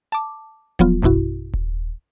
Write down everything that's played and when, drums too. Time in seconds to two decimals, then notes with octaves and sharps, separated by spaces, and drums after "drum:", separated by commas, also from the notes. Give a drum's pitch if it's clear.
0.12 A5 D6
0.79 F3 F#3 B3 F4, drum: kick D#1
1.02 A1 F#2 B2 E4 F#4
1.54 drum: kick D#1